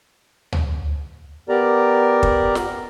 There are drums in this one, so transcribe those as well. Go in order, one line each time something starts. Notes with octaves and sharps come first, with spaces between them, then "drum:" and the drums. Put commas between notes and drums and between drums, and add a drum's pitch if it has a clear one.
drum: tom D2
B3 G4 A#4 D5 A#5
drum: kick
drum: snare